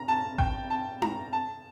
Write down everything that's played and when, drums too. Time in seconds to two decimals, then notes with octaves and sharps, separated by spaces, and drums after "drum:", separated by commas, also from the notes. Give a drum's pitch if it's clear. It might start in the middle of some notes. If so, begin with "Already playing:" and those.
Already playing: A#5
0.08 A5
0.38 G5, drum: kick G#1
0.70 A5
1.02 A#5, drum: tom D#4
1.33 A5